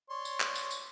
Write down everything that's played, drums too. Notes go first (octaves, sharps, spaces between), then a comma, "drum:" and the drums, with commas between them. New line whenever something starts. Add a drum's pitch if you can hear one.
C#5 D5 C6
drum: tambourine
drum: clap
drum: tambourine
drum: tambourine